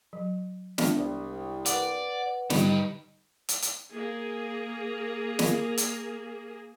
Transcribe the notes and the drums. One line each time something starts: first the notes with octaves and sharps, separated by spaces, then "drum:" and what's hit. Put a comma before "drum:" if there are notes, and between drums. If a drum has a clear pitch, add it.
F#3
G#3 B3 D4, drum: snare
C2
B4 D5 F#5, drum: hi-hat
D3 G3 D#4 G4 B4, drum: snare
drum: hi-hat
drum: hi-hat
A#3 G#4
drum: snare
drum: hi-hat